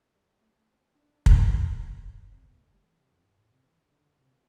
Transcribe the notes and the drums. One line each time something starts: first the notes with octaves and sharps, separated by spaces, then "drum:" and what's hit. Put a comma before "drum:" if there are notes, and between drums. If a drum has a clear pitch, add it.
G3
G3
A3
C4
D4
drum: kick
C4
B3
A3
G3
E3
C3
F2
G2
A2
C3
E3
D3
D3
D3
C3
B2